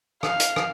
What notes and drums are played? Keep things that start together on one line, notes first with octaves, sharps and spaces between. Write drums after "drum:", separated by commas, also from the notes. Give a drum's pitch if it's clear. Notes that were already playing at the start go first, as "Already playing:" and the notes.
F5, drum: rim click
drum: hi-hat
drum: rim click